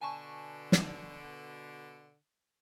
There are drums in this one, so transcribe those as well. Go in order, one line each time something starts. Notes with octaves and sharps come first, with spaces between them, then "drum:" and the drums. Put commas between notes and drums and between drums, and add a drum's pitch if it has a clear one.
B2 D3 G#5 A5 C#6
drum: snare